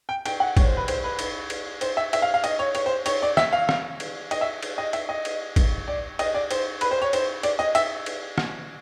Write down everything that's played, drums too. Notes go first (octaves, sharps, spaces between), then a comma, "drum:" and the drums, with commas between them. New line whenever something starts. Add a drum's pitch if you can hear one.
G5
G5, drum: cymbal
F#5
C#5, drum: kick, cymbal
C5
B4
C5, drum: cymbal
B4
drum: cymbal
drum: cymbal
C5, drum: cymbal
E5
E5, drum: cymbal
F5
F5
D#5, drum: cymbal
C#5
C#5, drum: cymbal
C5
C#5, drum: cymbal
D5
E5, drum: rim click
F5
drum: rim click
drum: cymbal
D#5, drum: cymbal
E5
drum: cymbal
D#5
E5, drum: cymbal
D#5
drum: cymbal
drum: kick, cymbal
D5
D#5, drum: cymbal
D5
C5, drum: cymbal
B4, drum: cymbal
C5
C#5
C5, drum: cymbal
D5, drum: cymbal
D#5
E5, drum: cymbal
drum: cymbal
drum: rim click